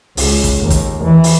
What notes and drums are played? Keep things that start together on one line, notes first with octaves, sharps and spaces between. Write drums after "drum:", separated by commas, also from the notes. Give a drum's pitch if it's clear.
C#2, drum: open hi-hat
drum: kick, hi-hat
D#2
drum: kick, hi-hat
E3
drum: open hi-hat